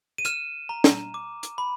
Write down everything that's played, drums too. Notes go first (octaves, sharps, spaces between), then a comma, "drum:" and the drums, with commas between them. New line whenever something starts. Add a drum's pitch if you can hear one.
D#7
F6 E7, drum: hi-hat
A#5
drum: snare
D6
drum: hi-hat
B5